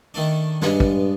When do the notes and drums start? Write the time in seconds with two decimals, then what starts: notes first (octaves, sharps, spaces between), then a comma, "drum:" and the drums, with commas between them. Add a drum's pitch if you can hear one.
0.14 D#3 A3 D4
0.62 G2 G#3 B3 D4, drum: snare
0.80 drum: kick